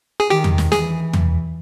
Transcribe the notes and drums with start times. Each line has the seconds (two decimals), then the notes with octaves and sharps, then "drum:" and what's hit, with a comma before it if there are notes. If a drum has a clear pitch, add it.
0.20 G#4
0.30 D#3 G4
0.44 drum: tom
0.58 drum: snare
0.72 E3 G#4, drum: snare
1.13 drum: tom